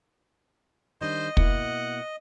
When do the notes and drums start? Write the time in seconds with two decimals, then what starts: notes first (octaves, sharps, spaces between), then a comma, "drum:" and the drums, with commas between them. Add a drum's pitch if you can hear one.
1.01 D#3 G3 D4 C5 D#5
1.37 B2 A#3 E4 F#5, drum: kick